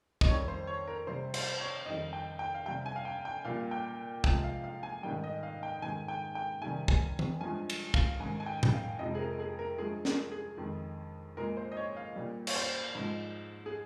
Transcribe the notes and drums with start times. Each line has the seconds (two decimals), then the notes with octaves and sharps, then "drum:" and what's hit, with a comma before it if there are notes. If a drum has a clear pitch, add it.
0.21 D#5, drum: kick
0.28 F2 D#3 G3 C#5
0.48 C5
0.67 C#5
0.88 A#4
1.07 C3 G3 C5
1.34 C5, drum: cymbal
1.60 C#5
1.86 F2 D#3 G3 D#5
2.13 G5
2.39 G5
2.54 F5
2.66 C3 G3 G5
2.86 G#5
2.96 F5
3.05 G5
3.25 G5
3.45 A#2 G3 F5
3.71 G5
4.24 C3 F3 G#3 G5, drum: kick
4.44 F5
4.64 F5
4.83 G#5
5.03 G#2 D#3 G3 G5
5.24 D#5
5.43 F5
5.63 G5
5.82 G#2 D#3 G#3 G#5
6.08 G5
6.35 G5
6.62 C3 D#3 G3 G#5
6.88 G#5, drum: kick
7.19 drum: tom E3
7.41 G2 F3 G#3 G#5
7.70 drum: cymbal
7.94 F5, drum: kick
8.20 G#2 D#3 G#3 G#5
8.40 G#5
8.46 G5
8.63 drum: tom A2
8.73 F5
8.99 F2 C3 F3 G#3 D#5
9.15 G#4
9.19 A#4
9.39 G#4
9.59 A#4
9.78 G2 F3 G#3 G#4
10.05 A#4, drum: snare
10.31 G#4
10.57 F2 D#3 G#3
11.37 A#2 G#3 A#4
11.57 C5
11.72 D#5
11.77 C#5
11.97 F5
12.16 A#2 G3
12.47 C#5, drum: cymbal
12.56 C5
12.95 G#2 F3 G#3
13.66 G#4